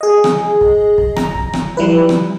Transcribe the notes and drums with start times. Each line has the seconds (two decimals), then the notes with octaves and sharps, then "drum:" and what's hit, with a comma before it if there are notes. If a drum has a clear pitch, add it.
0.01 G#4 D#5
0.24 drum: rim click
0.61 drum: kick
0.98 drum: kick
1.16 A#5, drum: rim click
1.35 drum: kick
1.53 drum: rim click
1.77 F3 G3 E4 B4
2.09 drum: rim click